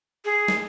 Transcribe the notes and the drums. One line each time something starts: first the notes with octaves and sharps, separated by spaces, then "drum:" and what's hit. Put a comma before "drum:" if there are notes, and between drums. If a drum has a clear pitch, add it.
G#4
drum: snare